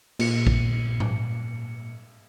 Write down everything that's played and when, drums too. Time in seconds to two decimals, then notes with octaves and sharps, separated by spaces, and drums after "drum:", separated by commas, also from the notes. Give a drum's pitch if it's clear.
0.19 A#2 C#7, drum: cymbal
0.47 drum: kick
1.00 drum: tom G#2